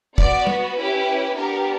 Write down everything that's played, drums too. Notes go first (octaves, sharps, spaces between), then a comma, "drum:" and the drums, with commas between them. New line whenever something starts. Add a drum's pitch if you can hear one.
B3 F#4 D5, drum: kick
B4, drum: tom
C#4 E4 G4
B3 D4 G4 A#4